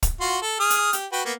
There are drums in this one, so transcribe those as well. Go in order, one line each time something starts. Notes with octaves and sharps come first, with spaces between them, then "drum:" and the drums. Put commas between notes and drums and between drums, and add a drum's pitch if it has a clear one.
drum: kick, hi-hat
F4 F#4 C6
A4
G#4 D#6 F6
drum: hi-hat
G4, drum: hi-hat
F#4 B4 G5
A#3 B3